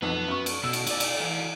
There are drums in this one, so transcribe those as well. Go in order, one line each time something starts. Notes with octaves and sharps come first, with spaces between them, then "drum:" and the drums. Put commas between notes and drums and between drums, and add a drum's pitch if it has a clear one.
B1 F2 B3
F#2 C#6
drum: cymbal
B2 E6
drum: cymbal
F#4 D5, drum: cymbal
drum: cymbal
E3